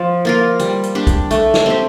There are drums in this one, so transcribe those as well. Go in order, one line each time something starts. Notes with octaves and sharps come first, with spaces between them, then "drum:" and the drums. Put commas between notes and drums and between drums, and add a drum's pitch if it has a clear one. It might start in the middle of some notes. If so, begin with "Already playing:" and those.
Already playing: F3
A#3 F4 A#4
G3, drum: hi-hat
drum: hi-hat
D4 G4
drum: kick, hi-hat
A3, drum: hi-hat
drum: snare
C4 G4